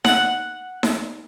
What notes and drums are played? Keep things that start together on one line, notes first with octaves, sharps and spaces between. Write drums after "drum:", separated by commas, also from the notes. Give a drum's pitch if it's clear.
F#5, drum: snare D#4
drum: snare D#4